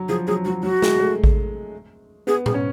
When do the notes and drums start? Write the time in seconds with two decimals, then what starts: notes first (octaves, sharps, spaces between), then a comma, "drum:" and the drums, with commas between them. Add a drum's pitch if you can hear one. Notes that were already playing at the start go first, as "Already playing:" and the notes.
Already playing: F#3
0.09 F3 G#4
0.27 F#3 G#4
0.45 F#3 F#4
0.63 F#3 F#4
0.82 G#3, drum: snare
1.00 A3
1.24 drum: kick A1
2.27 B3 G#4
2.46 G#4, drum: tom A2
2.54 C#4